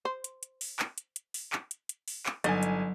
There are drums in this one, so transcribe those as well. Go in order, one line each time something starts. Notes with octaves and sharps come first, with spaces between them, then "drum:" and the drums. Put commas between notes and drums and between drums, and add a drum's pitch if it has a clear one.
C5
drum: hi-hat
drum: hi-hat
drum: open hi-hat
drum: clap
drum: hi-hat
drum: hi-hat
drum: open hi-hat
drum: clap
drum: hi-hat
drum: hi-hat
drum: open hi-hat
drum: clap
G1 F#3 D#4 D#5 G#5, drum: hi-hat
drum: hi-hat